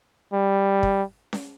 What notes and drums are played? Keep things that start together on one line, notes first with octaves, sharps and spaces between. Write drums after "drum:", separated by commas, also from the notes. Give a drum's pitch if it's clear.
G3
drum: kick
drum: snare C#4